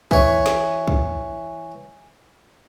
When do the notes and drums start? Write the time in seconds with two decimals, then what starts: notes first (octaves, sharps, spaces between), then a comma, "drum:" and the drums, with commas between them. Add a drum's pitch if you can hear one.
0.11 E3 C#5, drum: kick
0.46 drum: snare
0.88 drum: kick